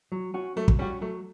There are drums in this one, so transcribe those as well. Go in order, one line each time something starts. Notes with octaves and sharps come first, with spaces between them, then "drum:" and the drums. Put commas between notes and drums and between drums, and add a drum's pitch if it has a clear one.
F#3
C#4 F#4
F#3 A3
drum: kick
G3 C#4 F#4
F#3 A3